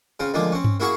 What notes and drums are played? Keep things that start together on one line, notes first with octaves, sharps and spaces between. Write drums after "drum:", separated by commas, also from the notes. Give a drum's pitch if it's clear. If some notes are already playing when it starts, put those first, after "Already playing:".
C#3 C4 F4
D2 F3 G#3 A#3 D6
C4 C#4
drum: tom G2
A#3 E4 F#4 G#4 F5 C#6